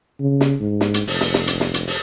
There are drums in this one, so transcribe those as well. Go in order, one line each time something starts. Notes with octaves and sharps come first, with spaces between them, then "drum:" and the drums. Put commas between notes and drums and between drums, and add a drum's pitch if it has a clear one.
C#3
drum: snare
G#2
drum: snare
drum: hi-hat
F1, drum: open hi-hat
drum: snare
drum: snare
drum: hi-hat
drum: snare
drum: hi-hat
drum: open hi-hat